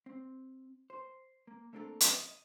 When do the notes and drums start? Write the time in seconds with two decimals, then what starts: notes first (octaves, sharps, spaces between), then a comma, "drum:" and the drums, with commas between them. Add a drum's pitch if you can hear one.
0.06 C4
0.90 C5
1.47 A#3
1.73 A3 A#3 C4 D4 A4 A#4
2.01 drum: hi-hat
2.16 D#5